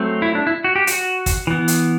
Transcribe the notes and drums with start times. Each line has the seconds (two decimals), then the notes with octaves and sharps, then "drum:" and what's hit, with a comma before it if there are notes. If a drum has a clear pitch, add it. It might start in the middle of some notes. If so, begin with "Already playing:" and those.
Already playing: F#3 A3 C4
0.22 E4
0.35 D4
0.47 E4
0.64 F#4
0.76 G4
0.87 F#4, drum: hi-hat
1.26 drum: kick, hi-hat
1.47 E3 B3
1.68 drum: hi-hat